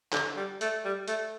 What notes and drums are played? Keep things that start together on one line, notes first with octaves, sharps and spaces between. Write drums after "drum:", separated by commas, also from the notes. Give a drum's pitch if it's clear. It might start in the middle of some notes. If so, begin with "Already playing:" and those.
D3, drum: clap
G3
A3, drum: hi-hat
G3
A3, drum: hi-hat